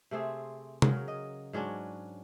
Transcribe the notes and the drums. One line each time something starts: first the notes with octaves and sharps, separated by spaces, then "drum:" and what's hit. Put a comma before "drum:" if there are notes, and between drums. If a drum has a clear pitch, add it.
C3 A3 C4 G#4
C#3 F#3 A#4, drum: tom C3
D#5
G#2 F#3 C#4 D4